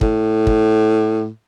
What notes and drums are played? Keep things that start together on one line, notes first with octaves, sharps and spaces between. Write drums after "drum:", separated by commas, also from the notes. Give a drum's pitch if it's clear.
A2, drum: kick
drum: kick